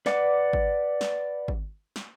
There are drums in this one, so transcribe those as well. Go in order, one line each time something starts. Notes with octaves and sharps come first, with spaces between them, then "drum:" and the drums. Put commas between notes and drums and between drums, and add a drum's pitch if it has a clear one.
B4 D5 F#5 D6, drum: snare
drum: kick G#1
drum: snare
drum: kick G#1
drum: snare